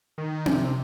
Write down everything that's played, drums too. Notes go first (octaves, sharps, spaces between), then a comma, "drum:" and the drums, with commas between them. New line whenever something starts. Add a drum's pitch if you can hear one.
D#3
C3, drum: tom C4